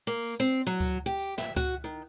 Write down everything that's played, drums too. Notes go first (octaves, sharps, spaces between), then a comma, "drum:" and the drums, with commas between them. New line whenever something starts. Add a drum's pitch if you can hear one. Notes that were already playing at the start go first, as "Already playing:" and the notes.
A#3
drum: tambourine
C4, drum: tambourine
F#3
drum: kick C#2, tambourine
G4
drum: tambourine
E5, drum: snare
F#4, drum: kick C#2, tambourine
D#3